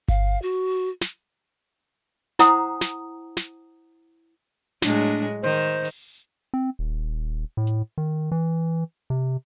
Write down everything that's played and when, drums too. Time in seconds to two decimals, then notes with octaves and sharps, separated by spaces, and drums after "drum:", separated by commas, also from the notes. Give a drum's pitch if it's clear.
0.08 F5, drum: kick G1
0.42 F#4
1.01 drum: snare
2.39 E4 C5 F#5 G#5 A#5 D#6, drum: snare
2.81 drum: snare
3.37 drum: snare
4.82 A2 F#3 G#3 D4, drum: snare
5.43 D#3 C5
5.85 drum: open hi-hat
6.54 C4
6.79 D#1
7.57 A2
7.67 drum: hi-hat
7.98 D#3
8.32 E3
9.10 C3